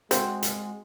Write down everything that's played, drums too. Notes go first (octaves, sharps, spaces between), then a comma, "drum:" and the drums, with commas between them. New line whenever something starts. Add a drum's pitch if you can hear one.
G#3 C4 F#4, drum: hi-hat
drum: hi-hat